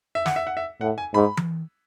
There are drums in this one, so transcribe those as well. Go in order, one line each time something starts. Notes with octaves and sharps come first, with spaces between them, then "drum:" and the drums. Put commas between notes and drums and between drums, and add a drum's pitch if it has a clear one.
E5
F#5, drum: snare
E5
F#5
E5
A2 F#5
G#5
G#2 B5
drum: tom E3